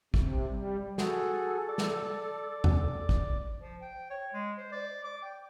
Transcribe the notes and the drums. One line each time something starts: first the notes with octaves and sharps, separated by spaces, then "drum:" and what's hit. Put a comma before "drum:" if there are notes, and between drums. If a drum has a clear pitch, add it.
C3, drum: kick
G3
F#4 G#4 A4, drum: snare
D5
drum: snare
drum: tom E2
drum: kick
F3
G5
C#5
G#3
C5
D5
D6
G5